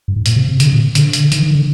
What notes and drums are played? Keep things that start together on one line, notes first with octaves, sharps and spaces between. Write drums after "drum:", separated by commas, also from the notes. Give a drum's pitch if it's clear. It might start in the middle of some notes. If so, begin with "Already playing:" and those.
G2
G#2
A#2, drum: hi-hat
C3
C3
D3, drum: hi-hat
A#2
D3, drum: hi-hat
drum: hi-hat
D#3, drum: hi-hat
D#3
D3